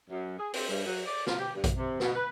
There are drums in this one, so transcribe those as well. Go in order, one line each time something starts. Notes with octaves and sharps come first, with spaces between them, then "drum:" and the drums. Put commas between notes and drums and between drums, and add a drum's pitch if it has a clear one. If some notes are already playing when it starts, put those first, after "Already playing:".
F#2
G#4
C4, drum: open hi-hat
G2
F#3
D5
F4, drum: snare
G4
G2
drum: kick A#1, hi-hat
C3
B2, drum: snare
B4